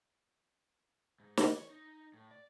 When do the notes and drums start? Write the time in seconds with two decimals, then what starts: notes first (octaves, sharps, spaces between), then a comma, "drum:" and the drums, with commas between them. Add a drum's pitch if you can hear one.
1.20 G#2
1.37 E3, drum: snare
1.55 C#5
1.70 D#4
2.14 A2
2.31 D5